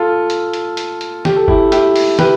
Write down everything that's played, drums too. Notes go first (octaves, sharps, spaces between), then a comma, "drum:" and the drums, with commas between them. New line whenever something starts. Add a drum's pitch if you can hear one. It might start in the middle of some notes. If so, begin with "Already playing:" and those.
Already playing: F4 A4
drum: hi-hat
drum: hi-hat
drum: hi-hat
drum: hi-hat
G4, drum: snare
A4
E4 G4, drum: kick F#1
E4 G4, drum: hi-hat
drum: open hi-hat
G4 B4, drum: snare